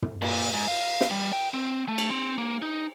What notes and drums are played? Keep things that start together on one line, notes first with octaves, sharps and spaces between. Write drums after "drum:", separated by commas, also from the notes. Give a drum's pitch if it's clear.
drum: tom
A#2, drum: cymbal
G#2
F5
drum: snare
G3
G5
C4
A3
drum: cymbal
C4
A#3
D#4